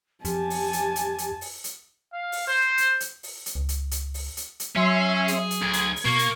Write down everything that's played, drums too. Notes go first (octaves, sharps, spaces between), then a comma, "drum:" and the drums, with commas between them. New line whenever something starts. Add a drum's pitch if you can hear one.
F2 G4 G#5 A5, drum: hi-hat
drum: open hi-hat
drum: hi-hat
drum: hi-hat
drum: hi-hat
drum: open hi-hat
drum: hi-hat
F5
drum: open hi-hat
C5
drum: hi-hat
drum: hi-hat
drum: open hi-hat
drum: hi-hat
C#2
drum: hi-hat
drum: hi-hat
drum: open hi-hat
drum: hi-hat
drum: hi-hat
F#3 C#4 E5 G#5 C6
G#4, drum: hi-hat
drum: hi-hat
D2 G#6
drum: hi-hat
drum: open hi-hat
B2 A#3 C#6
drum: hi-hat